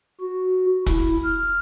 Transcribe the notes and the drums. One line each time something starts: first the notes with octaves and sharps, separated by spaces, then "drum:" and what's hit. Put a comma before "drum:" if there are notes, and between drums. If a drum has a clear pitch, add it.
F#4
E4, drum: kick, hi-hat
F6